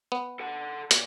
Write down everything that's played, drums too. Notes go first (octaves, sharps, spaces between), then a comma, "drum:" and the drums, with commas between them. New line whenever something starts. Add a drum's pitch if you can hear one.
B3
A4 F#5
A#2, drum: hi-hat